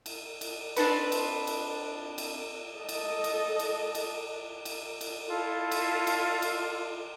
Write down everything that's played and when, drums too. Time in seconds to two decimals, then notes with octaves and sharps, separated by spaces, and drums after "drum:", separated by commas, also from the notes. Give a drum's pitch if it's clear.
0.06 drum: cymbal
0.41 drum: cymbal
0.76 C4 D4 D#4 B4, drum: cymbal
1.12 drum: cymbal
1.47 drum: cymbal
2.18 drum: cymbal
2.77 A4 D#5
2.89 drum: cymbal
3.24 drum: cymbal
3.59 drum: cymbal
3.95 drum: cymbal
4.65 drum: cymbal
5.01 drum: cymbal
5.27 E4 F4 A4
5.71 drum: cymbal
6.07 drum: cymbal
6.42 drum: cymbal